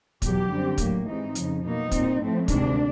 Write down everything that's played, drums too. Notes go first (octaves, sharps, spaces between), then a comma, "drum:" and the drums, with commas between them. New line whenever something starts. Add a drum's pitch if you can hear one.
E2 B2 F#3 G4, drum: kick, hi-hat
F#2 D3 G3 C4
A2 F#3 A#3, drum: kick, hi-hat
G#2 E3 G#3 C4 D#4
F2 C#3 F3, drum: hi-hat
B2 F#3 A#3 D#4
A#2 G3 C4, drum: kick, hi-hat
A2 F3 A3 C4
D2 C3 D#3 G#3 D4, drum: kick, hi-hat